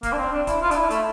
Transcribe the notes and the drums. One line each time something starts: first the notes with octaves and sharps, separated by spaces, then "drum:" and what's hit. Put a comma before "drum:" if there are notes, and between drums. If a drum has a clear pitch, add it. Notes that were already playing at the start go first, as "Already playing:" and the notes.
A#3, drum: kick D1, hi-hat
D4
C4
D4
E4, drum: kick D1, hi-hat
F4
D4, drum: hi-hat
E4
A3, drum: hi-hat